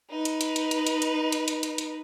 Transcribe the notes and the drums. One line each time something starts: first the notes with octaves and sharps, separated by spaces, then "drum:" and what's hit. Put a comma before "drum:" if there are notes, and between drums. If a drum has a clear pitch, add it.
D#4 B4
drum: hi-hat
drum: hi-hat
drum: hi-hat
drum: hi-hat
drum: hi-hat
drum: hi-hat
drum: hi-hat
drum: hi-hat
drum: hi-hat
drum: hi-hat